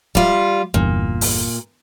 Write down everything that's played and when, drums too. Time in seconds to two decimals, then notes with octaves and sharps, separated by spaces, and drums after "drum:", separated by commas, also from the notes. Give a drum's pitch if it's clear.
0.15 G3 F4, drum: kick C#1
0.74 G1 E2 G2 A#2
1.21 drum: open hi-hat